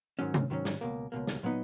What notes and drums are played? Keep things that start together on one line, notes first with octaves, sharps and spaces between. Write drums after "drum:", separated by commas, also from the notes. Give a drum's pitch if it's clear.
G#2 D#3 F#3 C#4
drum: tom C3
G#2 D#3 F#3 C#4
drum: snare
C#2 B2 A#3
C#2 B2 A#3
drum: snare
A#2 F#3 B3 D#4